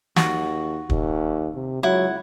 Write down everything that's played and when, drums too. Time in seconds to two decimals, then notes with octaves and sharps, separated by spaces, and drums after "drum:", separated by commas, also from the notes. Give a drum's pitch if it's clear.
0.16 D#2 F#4, drum: snare
0.90 D#2, drum: kick
1.54 C3
1.83 C#2 F#3 E4 F#5